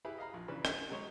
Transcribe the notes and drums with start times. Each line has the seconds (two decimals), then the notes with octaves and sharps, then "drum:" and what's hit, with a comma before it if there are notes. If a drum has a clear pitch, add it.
0.05 E4 G4 G#4 B4 E5 B5
0.18 D#5 F5 A#5 B5
0.34 A#1
0.48 C#3 E3 D4 B4
0.65 D3 C#4, drum: rim click
0.89 B2 F#3 G#3 C#5